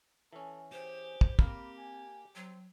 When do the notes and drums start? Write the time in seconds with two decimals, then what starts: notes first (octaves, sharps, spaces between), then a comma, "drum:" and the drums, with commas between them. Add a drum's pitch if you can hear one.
0.33 E3 C#4 A4
0.72 G4 G#4 C5
1.21 drum: kick
1.39 A#3 C4 A#4 B5, drum: kick
1.78 G#5
2.35 F#3 C4